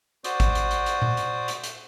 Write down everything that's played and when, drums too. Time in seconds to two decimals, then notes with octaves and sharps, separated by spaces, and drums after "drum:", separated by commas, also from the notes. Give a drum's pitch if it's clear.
0.24 F#4 C5 D5 D6 D#6, drum: hi-hat
0.40 drum: kick G#1, hi-hat
0.55 drum: hi-hat
0.71 drum: hi-hat
0.86 drum: hi-hat
1.02 drum: tom A#2
1.17 drum: hi-hat
1.48 drum: hi-hat
1.64 drum: hi-hat